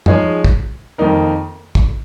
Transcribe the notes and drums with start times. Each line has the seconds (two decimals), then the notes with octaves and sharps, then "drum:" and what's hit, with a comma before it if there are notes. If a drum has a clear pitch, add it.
0.06 F3 G#3 D#4 G#4 C#5, drum: tom F#2
0.45 drum: kick
0.98 F2 D#3 A#3 D#4 A#4
1.75 drum: kick